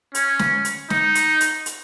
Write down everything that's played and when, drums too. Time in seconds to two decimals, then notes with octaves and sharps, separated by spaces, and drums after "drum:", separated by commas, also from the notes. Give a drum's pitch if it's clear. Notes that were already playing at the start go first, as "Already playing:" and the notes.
0.15 C#4, drum: hi-hat
0.39 drum: snare
0.65 drum: hi-hat
0.90 D#4, drum: snare
1.15 drum: hi-hat
1.41 drum: hi-hat
1.66 drum: hi-hat